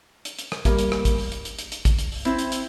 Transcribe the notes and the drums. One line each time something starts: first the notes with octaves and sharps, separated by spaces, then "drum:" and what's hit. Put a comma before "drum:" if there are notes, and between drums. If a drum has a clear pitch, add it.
drum: hi-hat
drum: hi-hat
drum: rim click
G3 A#3, drum: kick, hi-hat
drum: hi-hat
drum: rim click
drum: kick, hi-hat
drum: open hi-hat
drum: hi-hat
drum: hi-hat
drum: hi-hat
drum: hi-hat
drum: kick, hi-hat
drum: hi-hat
drum: open hi-hat
C4 E4, drum: hi-hat
drum: hi-hat
drum: hi-hat